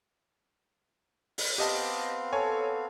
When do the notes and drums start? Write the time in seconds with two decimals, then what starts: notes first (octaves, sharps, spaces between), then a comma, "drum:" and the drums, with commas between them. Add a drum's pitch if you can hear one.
1.38 drum: open hi-hat
1.58 B3 C4 G4 D#5 F5 A5
2.33 A4 C#5 G#5